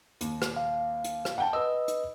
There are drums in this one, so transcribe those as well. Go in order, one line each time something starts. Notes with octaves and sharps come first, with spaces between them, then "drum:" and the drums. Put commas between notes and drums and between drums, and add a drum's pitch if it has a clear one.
D#2, drum: hi-hat
drum: rim click
F5
drum: hi-hat
drum: rim click
F#5 G5 A5
B4 D#5 E6
drum: hi-hat